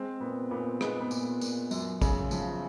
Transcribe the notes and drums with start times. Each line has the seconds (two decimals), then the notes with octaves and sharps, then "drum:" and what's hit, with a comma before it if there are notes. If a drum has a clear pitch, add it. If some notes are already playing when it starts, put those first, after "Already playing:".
Already playing: G#3 C4
0.20 A#2 B3
0.51 A#2 B3
0.81 G#3 B3, drum: rim click
1.00 B3
1.11 A#2, drum: tambourine
1.41 A#2, drum: tambourine
1.71 F#2, drum: tambourine
2.02 C#3, drum: kick A1, tambourine
2.31 F3, drum: tambourine